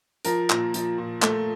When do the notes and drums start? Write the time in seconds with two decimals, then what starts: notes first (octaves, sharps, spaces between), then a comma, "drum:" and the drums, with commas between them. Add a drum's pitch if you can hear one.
0.25 F3 A#4, drum: hi-hat
0.50 A#2, drum: clap
0.74 F3, drum: hi-hat
0.98 A#2
1.22 A3, drum: clap